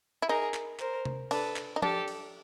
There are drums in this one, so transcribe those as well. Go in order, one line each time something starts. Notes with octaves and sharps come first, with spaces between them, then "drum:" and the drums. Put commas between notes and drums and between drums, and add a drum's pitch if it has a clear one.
E4
D#4 G#4 A#4
drum: clap
A#4 C5, drum: clap
drum: tom C3
D4 A4 B4, drum: cymbal
drum: clap
D#4
D4 G4 A4, drum: tom F3
drum: cymbal